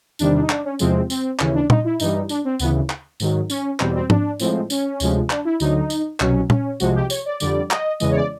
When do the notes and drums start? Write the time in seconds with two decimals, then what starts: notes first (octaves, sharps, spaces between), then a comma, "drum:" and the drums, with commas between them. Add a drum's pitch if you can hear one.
0.19 E2 C3 D#3 G3 D4, drum: tambourine
0.41 D#4
0.50 D4, drum: clap
0.64 C#4
0.79 E2 C3 F3 G#3 C4, drum: tambourine
1.10 C4, drum: tambourine
1.39 D#2 C#3 E3 C#4, drum: clap
1.54 D4
1.70 D#4, drum: tom A#2
1.84 E4
2.00 G2 E3 G3 D#4, drum: tambourine
2.29 D4, drum: tambourine
2.45 C4
2.59 D2 C#3 E3 B3, drum: tambourine
2.90 drum: clap
3.20 G#2 D#3 F#3, drum: tambourine
3.50 C#4, drum: tambourine
3.80 E2 B2 G3 C4, drum: clap
3.95 C4
4.10 D4, drum: tom G#2
4.40 A2 F3 G#3 C4, drum: tambourine
4.70 C#4, drum: tambourine
5.00 D2 C3 F3 G#3, drum: tambourine
5.30 D4, drum: clap
5.45 E4
5.60 D2 D3 F#3 D#4, drum: tambourine
5.90 drum: tambourine
6.20 C2 B2 F#3 C#4, drum: clap
6.50 C#4, drum: tom A#2
6.80 C2 C3 F3 G#3 F#4, drum: tambourine
6.95 G4
7.10 C#5, drum: tambourine
7.25 D5
7.40 F2 D3 G3 D5, drum: tambourine
7.71 D#5, drum: clap
8.00 E2 C#3 E3 G#3 D#5, drum: tambourine
8.11 C#5
8.15 D5